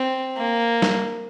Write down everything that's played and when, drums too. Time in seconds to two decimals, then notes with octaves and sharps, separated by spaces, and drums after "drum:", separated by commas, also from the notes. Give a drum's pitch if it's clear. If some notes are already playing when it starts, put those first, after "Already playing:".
Already playing: C4
0.36 A#3
0.82 drum: snare